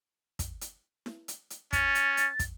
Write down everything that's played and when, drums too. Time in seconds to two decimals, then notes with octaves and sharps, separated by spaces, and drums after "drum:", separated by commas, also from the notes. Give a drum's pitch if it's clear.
0.39 drum: kick, hi-hat
0.61 drum: hi-hat
1.06 drum: snare E4
1.28 drum: hi-hat
1.50 drum: hi-hat
1.73 C#4 A6, drum: kick, hi-hat
1.95 drum: hi-hat
2.17 drum: hi-hat
2.39 drum: kick, hi-hat